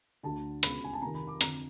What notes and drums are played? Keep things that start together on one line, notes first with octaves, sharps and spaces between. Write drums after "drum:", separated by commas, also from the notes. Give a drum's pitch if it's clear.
D2 D3 A5
C#2 B2 B5, drum: hi-hat
G#5
A5
F2 C3 D#3 A#5
B5
D6
F2 D3 A#5, drum: hi-hat